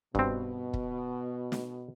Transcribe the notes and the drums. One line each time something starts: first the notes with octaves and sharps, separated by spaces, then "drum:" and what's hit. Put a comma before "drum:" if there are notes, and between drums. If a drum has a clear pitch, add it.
G2 B2 C4, drum: kick
drum: kick
drum: snare